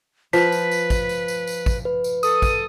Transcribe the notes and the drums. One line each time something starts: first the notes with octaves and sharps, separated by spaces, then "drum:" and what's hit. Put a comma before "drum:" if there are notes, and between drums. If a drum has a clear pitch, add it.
F3 B4 B6, drum: tambourine
drum: tambourine
drum: tambourine
drum: kick, tambourine
drum: tambourine
drum: tambourine
drum: tambourine
drum: kick, tambourine
B4
drum: tambourine
A4 D#6, drum: tambourine
drum: kick, tambourine